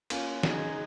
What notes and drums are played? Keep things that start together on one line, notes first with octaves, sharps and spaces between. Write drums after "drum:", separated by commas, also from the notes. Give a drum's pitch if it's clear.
A#3 C#4 F4, drum: cymbal
C#3 D#4 G#4, drum: snare